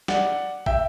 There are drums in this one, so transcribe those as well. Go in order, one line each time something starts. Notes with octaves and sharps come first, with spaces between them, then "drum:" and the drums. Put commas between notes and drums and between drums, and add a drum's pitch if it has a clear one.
D5 F#5, drum: snare
E5 G5, drum: kick